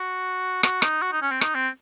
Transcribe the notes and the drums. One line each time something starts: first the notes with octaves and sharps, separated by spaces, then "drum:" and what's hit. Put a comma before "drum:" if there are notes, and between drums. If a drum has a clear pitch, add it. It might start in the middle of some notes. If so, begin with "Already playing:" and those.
Already playing: F#4
F#4, drum: rim click
D#4, drum: rim click
F#4
D#4
C#4
C4
D#4, drum: rim click
C4